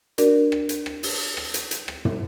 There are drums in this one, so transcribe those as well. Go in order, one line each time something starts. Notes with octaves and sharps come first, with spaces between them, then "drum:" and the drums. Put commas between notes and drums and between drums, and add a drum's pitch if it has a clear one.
D4 F#4 A#4 D5, drum: hi-hat
drum: rim click
drum: hi-hat
drum: rim click
drum: open hi-hat
drum: rim click
drum: hi-hat
drum: hi-hat
drum: rim click
drum: tom